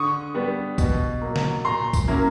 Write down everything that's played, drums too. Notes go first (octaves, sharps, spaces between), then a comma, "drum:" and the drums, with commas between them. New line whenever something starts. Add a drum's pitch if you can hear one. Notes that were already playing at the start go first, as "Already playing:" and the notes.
Already playing: D3 C#6 D#6
G3 B3 D4
B2, drum: kick, tambourine
F#3 A#3
drum: snare
A#2 A#5 C6
drum: kick, tambourine
F#3 A#3 C#4 E4